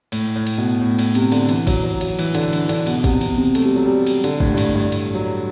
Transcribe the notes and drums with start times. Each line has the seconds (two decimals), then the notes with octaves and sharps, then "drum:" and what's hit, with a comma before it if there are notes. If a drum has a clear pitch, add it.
0.12 A2, drum: cymbal
0.36 A2
0.47 drum: cymbal
0.58 B2
0.81 A2
0.99 A2, drum: cymbal
1.15 C3, drum: cymbal
1.32 D3, drum: cymbal
1.49 E3, drum: cymbal
1.67 F#3, drum: kick G#1, cymbal
1.84 F#3
2.01 F#3, drum: cymbal
2.19 E3, drum: cymbal
2.35 D3, drum: cymbal
2.53 E3, drum: cymbal
2.69 D3, drum: cymbal
2.86 B2, drum: cymbal
2.97 B2
3.04 C3, drum: kick G#1, cymbal
3.21 C3, drum: cymbal
3.38 C3
3.55 A3, drum: cymbal
3.66 G3
3.76 F#3
3.86 G3
4.07 drum: cymbal
4.24 D3, drum: cymbal
4.40 A2, drum: kick G#1
4.54 G2
4.57 A2, drum: cymbal
4.76 G2
4.92 drum: cymbal
5.15 F#3